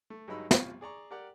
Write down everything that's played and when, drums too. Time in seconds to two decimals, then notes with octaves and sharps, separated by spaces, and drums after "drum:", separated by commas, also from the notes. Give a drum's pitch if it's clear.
0.10 A3
0.28 G2 F#3 G#3 D#4 B5 E6
0.51 C2 F4, drum: snare
0.81 G#4 D5 A#5 C#6
1.11 G4 A#4 D5 F#5 G5